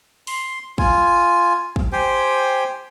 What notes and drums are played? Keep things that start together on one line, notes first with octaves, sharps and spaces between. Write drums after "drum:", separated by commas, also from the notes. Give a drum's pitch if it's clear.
C6, drum: open hi-hat
F4 G#5, drum: kick
drum: kick
G4 C5 G5 G#5